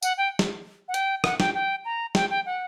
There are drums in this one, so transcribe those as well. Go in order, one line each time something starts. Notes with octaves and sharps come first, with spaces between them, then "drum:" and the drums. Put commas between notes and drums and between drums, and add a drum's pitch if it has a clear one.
F#5, drum: tambourine
G5
drum: snare
F#5
G5, drum: hi-hat
F#5, drum: rim click
G5, drum: snare
G5
A#5
G5, drum: snare
G5
F#5